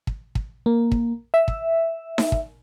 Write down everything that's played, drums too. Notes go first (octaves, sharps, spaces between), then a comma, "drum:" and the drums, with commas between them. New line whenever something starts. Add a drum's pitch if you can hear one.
drum: kick
drum: kick
A#3
drum: kick
E5
drum: kick
drum: snare D#4
drum: kick